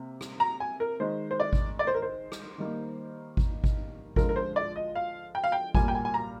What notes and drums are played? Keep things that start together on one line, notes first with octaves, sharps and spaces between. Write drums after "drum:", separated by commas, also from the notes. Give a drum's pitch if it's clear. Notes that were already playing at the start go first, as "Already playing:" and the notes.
Already playing: C3 A#3
drum: rim click
A#5
G#5
A#4
D#3 G#3 C5
C5
D5
drum: kick G#1
D5
C5
A#4
C5
drum: rim click
D#3 G3 A#3
drum: kick G#1
drum: kick G#1
D3 F3 G#3 A#4, drum: kick G#1
A#4
C5
D5
D#5
F5
G5
F5
G5
A#2 G3 A#3 G#5, drum: kick G#1
G5
G#5
G#5
A#5